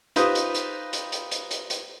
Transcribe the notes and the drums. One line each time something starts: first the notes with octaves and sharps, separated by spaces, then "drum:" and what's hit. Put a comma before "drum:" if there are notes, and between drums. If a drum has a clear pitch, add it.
D#4 F4 G4 B4 C5 D#6, drum: hi-hat
drum: hi-hat
drum: hi-hat
drum: hi-hat
drum: hi-hat
drum: hi-hat
drum: hi-hat
drum: hi-hat